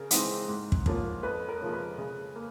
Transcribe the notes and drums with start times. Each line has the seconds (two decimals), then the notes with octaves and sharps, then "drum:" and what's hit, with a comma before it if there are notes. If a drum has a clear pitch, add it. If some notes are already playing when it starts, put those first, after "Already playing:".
Already playing: C#3 A#4
0.11 E3 G#3 C4 D#4, drum: hi-hat
0.48 G#2
0.72 drum: kick
0.86 F3 A#3 C#4 F4, drum: kick
1.23 F2 B4
1.49 A#4
1.61 C#3 F3 A#3 C#4
1.73 B4
1.98 C#3
2.36 A#3